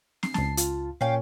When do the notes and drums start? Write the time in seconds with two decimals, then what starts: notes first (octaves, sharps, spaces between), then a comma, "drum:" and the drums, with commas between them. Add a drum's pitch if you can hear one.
0.23 C7, drum: snare
0.34 C#2 A5, drum: snare
0.57 F4, drum: hi-hat
1.01 A#2 C#4 F5 G5